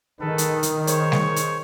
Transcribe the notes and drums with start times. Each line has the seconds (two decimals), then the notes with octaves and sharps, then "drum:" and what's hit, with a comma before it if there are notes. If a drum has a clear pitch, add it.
0.21 D#3 G#4 A4 B4
0.38 drum: hi-hat
0.63 drum: hi-hat
0.87 G#4 C5 C#5, drum: hi-hat
1.12 drum: snare G3
1.36 drum: hi-hat